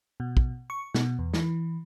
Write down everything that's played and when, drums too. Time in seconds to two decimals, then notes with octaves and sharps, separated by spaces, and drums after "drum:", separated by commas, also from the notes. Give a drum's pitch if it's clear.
0.20 B2
0.37 drum: kick
0.70 C#6
0.94 B2, drum: snare
1.19 E2
1.34 E3, drum: snare